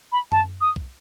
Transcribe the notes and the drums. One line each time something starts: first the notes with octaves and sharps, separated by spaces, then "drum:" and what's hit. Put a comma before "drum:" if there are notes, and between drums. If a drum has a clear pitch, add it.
B5
A5, drum: tom F#2
D#6
drum: kick